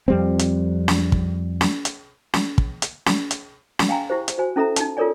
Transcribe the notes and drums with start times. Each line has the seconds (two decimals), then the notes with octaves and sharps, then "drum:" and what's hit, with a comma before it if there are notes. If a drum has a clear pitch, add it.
0.08 F2 G3 C4
0.39 drum: hi-hat
0.88 drum: snare
1.12 drum: kick
1.61 drum: snare
1.85 drum: hi-hat
2.34 drum: snare
2.58 drum: kick
2.82 drum: hi-hat
3.06 drum: snare
3.31 drum: hi-hat
3.79 drum: snare
3.89 F5 G5 G#5 A#5
4.10 E4 G4 C5
4.28 drum: hi-hat
4.38 F#4 C5 G#5
4.56 C#4 E4 A4 E5 A#5
4.76 D#4 A5, drum: hi-hat
4.97 F4 A4 A#4 C#5 D5 G#5